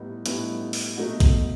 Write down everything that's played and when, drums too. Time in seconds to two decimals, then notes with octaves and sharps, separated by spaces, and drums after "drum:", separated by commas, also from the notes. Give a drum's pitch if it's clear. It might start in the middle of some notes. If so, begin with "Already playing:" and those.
Already playing: A2 G3 B3 D#4
0.26 A2 G3 B3 D#4, drum: hi-hat
0.73 drum: open hi-hat
0.97 B2 A3 D#4 F#4
1.20 drum: kick A#1, hi-hat